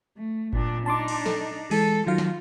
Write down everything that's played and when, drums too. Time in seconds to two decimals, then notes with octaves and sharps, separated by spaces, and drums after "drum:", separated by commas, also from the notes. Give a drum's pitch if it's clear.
0.17 A3
0.53 A#2 D4, drum: kick G1
0.86 D4 D#4 A5 C6 D6
1.08 drum: cymbal
1.26 A4, drum: snare
1.71 E3 G#3 A4, drum: open hi-hat
2.07 D#3 F#3 F4 F5
2.18 drum: snare